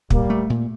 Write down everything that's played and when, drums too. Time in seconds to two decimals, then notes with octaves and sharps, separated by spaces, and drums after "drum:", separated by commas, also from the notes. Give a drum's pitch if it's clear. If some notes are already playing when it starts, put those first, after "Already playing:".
0.10 A#2 G3 A#3, drum: kick
0.30 A3
0.50 A#2